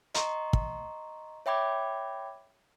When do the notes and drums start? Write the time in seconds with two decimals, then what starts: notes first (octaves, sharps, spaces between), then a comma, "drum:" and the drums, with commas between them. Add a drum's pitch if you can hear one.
0.15 D#5 A#5 C6 C#6, drum: hi-hat
0.53 drum: kick
1.46 C#5 E5 G5 B5 D6 G#6